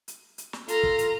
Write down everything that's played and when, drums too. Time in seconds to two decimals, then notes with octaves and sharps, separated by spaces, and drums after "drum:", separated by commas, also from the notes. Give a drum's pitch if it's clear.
0.08 drum: hi-hat
0.38 drum: hi-hat
0.53 drum: snare
0.68 F4 A4 A#5, drum: hi-hat
0.83 drum: kick
0.99 drum: hi-hat